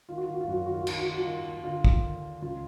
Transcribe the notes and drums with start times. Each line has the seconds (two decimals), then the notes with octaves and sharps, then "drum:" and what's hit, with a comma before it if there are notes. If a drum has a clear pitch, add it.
0.09 D#3 F4
0.18 F#4
0.25 D#3 F4
0.34 F#4
0.41 F4
0.48 F#2 F#4
0.57 F4
0.66 D#3 F#4
0.74 F4
0.81 F#4
0.87 D#3 F4, drum: cymbal
0.99 F#4
1.06 D#3 F4
1.14 F#4
1.22 D#3 F4
1.45 D#2
1.64 D3 F4
1.85 D#2, drum: kick
2.03 D#2
2.23 D#2
2.42 C#2 F4